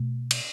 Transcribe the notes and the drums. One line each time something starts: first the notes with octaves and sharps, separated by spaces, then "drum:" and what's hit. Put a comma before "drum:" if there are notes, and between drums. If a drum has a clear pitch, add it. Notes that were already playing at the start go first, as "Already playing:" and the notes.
Already playing: B2 A3
drum: cymbal